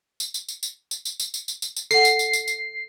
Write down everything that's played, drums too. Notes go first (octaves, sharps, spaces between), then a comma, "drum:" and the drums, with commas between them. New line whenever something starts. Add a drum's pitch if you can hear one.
drum: tambourine
drum: tambourine
drum: tambourine
drum: tambourine
drum: tambourine
drum: tambourine
drum: tambourine
drum: tambourine
drum: tambourine
drum: tambourine
drum: tambourine
A4 F#5 C7, drum: tambourine
drum: tambourine
drum: tambourine
drum: tambourine
drum: tambourine